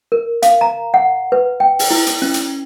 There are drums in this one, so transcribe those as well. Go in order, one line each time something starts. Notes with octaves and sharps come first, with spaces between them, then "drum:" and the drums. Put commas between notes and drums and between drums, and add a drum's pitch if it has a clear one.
A#4
F5, drum: hi-hat
A#5
F#5
B4
G5
drum: open hi-hat
E4
drum: hi-hat
C#4
drum: hi-hat